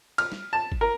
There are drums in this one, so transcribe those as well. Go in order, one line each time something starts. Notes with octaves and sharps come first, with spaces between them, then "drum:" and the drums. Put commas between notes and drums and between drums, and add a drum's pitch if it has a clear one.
F6, drum: cymbal
drum: snare
A5
drum: kick G#1
A#4